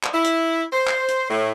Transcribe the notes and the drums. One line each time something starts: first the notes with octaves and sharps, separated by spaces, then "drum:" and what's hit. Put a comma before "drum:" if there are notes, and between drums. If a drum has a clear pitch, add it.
drum: clap
E4
drum: hi-hat
C5
drum: clap
drum: hi-hat
A2